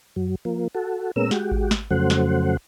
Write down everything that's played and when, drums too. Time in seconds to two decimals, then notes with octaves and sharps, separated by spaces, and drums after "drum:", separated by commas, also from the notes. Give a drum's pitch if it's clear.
0.16 F#2 F#3
0.45 F3 A#3
0.75 F#4 A4
1.16 A#2 G#3 B3 C#4 A#4 E6
1.31 G#3 F#4 G4, drum: snare
1.52 drum: kick G#1
1.71 drum: snare
1.91 F2 C#3 F#3 A3 C5 F#5
2.10 drum: snare